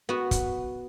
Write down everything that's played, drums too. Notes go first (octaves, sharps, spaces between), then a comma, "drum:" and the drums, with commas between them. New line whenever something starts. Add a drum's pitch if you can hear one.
B3 F#4
drum: kick, hi-hat